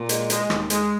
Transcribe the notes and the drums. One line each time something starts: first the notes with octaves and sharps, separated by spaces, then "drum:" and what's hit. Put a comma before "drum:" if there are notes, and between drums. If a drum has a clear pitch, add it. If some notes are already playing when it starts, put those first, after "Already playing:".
Already playing: A#2
G#3, drum: hi-hat
G#3, drum: hi-hat
D#2, drum: rim click
G#3, drum: hi-hat